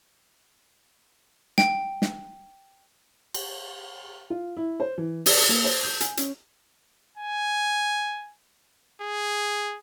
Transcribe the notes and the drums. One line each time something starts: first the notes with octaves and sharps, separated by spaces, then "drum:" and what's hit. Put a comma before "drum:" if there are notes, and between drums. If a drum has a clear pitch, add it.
G5, drum: snare
drum: snare
drum: cymbal
F4
E4
C5
E3
D5, drum: open hi-hat
A#3
C5
G6
G#5, drum: hi-hat
C#4, drum: hi-hat
G#5
G#4